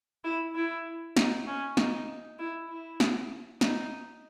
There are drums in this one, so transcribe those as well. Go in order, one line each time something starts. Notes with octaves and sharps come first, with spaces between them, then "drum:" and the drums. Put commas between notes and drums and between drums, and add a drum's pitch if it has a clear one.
E4
E4
D#4, drum: snare
C#4
D#4, drum: snare
E4
E4
drum: snare
D#4, drum: snare